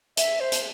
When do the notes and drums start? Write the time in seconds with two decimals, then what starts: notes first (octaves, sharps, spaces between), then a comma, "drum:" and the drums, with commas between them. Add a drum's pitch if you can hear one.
0.17 E5, drum: hi-hat
0.40 C5
0.52 drum: hi-hat